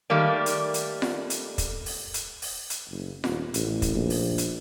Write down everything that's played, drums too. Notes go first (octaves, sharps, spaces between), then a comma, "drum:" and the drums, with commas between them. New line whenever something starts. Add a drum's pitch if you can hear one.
D#3 G3 A3 A#3 D5
drum: hi-hat
drum: hi-hat
drum: snare F4
drum: hi-hat
drum: kick, hi-hat
drum: open hi-hat
drum: hi-hat
drum: open hi-hat
drum: hi-hat
F#1
D#1, drum: snare F4
A1, drum: hi-hat
drum: kick, hi-hat
A#1
drum: open hi-hat
drum: hi-hat